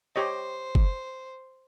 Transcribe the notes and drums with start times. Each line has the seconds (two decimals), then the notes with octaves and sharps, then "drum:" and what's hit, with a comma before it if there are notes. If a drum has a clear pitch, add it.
0.16 G4 C5 C#5 D#5
0.75 drum: kick F#1